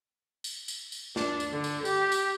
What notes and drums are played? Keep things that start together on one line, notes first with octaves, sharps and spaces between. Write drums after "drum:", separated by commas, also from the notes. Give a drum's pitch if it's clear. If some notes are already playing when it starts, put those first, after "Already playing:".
drum: tambourine
drum: tambourine
drum: tambourine
D4, drum: snare
drum: tambourine
D3
drum: tambourine
G4, drum: tambourine
drum: tambourine